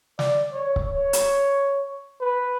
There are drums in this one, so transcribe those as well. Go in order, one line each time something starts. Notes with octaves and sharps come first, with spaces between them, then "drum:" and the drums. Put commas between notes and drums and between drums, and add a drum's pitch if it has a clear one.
D5, drum: snare
C#5
drum: kick C#1
C#5
drum: hi-hat
B4